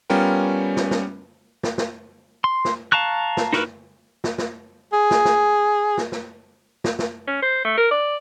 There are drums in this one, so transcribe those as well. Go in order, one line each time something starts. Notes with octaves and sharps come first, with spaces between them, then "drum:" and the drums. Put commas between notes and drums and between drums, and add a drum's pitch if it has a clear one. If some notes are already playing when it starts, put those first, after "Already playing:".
G3 B3 C#4 F4 A#4 G5
drum: snare
drum: snare
drum: snare
drum: snare
C6
drum: snare
F5 A5 A#5 C#6 F#6
drum: snare
D#4 E4 F#4 A#4 B4, drum: snare
drum: snare
drum: snare
G#4
drum: snare
drum: snare
drum: snare
drum: snare
drum: snare
drum: snare
C#4
C5
A3
A#4
D5